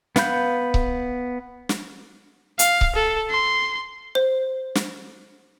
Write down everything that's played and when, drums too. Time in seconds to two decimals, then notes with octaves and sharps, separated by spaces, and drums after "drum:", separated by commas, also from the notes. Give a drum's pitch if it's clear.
0.16 B3 B4 F5 B5 G6, drum: snare
0.74 drum: kick C#1
1.69 drum: snare
2.59 F5, drum: hi-hat
2.81 drum: kick C#1
2.95 A4
3.30 C6
4.15 C5
4.75 drum: snare